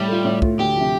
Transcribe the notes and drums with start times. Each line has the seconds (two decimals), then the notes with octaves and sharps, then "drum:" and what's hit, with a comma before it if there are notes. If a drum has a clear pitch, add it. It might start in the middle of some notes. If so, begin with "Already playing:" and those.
Already playing: A2 G3
0.08 A3 F4
0.25 A2
0.42 A3 F4, drum: kick
0.59 D2 G4
0.76 C3 F3